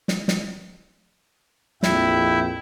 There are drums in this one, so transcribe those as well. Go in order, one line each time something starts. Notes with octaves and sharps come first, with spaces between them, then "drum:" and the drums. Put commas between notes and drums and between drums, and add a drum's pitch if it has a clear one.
drum: snare
drum: snare
A#1 F2 E4 G5, drum: snare